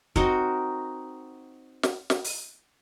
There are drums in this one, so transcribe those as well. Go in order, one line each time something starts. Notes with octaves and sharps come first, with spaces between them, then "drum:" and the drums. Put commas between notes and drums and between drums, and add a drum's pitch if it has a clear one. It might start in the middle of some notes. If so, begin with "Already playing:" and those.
C4 D#4 F#4 A#4, drum: kick
drum: snare
drum: snare
drum: open hi-hat